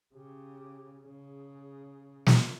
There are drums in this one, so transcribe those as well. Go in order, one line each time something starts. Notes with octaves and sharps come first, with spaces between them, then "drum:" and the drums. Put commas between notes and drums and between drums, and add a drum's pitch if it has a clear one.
C#3 G4
C#3 G#4
drum: snare